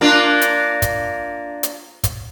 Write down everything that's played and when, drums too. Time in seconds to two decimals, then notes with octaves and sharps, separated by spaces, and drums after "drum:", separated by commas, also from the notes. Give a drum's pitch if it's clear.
0.01 A#3 D4 F4
0.42 drum: hi-hat
0.82 drum: kick, hi-hat
1.63 drum: hi-hat
2.04 drum: kick, hi-hat